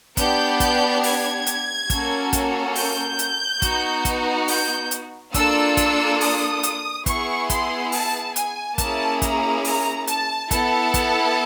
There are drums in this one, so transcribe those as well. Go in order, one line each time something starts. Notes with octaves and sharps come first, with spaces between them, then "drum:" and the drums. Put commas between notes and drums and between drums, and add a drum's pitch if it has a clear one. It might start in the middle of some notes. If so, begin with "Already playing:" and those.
B3 D4 G4 G6, drum: kick, hi-hat
G6, drum: kick, hi-hat
G#6, drum: open hi-hat
drum: hi-hat
A#3 C#4 F#4 A4, drum: kick, hi-hat
drum: kick, hi-hat
G6, drum: open hi-hat
drum: hi-hat
B3 D#4 F#4, drum: kick, hi-hat
drum: kick, hi-hat
G6, drum: open hi-hat
drum: hi-hat
A#3 D4 F4 A4 E6, drum: kick, hi-hat
E6, drum: kick, hi-hat
D#6, drum: open hi-hat
drum: hi-hat
B3 E4 G#4 C#6, drum: kick, hi-hat
C6, drum: kick, hi-hat
A5, drum: open hi-hat
G#5, drum: hi-hat
A#3 C#4 E4 G#4 A5, drum: kick, hi-hat
A#5, drum: kick, hi-hat
A#5, drum: open hi-hat
A5, drum: hi-hat
B3 E4 A4 A5, drum: kick, hi-hat
drum: kick, hi-hat